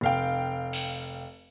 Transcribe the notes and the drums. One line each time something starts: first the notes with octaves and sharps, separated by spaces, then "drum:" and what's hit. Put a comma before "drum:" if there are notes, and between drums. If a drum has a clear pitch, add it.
F1 F5 G5
drum: cymbal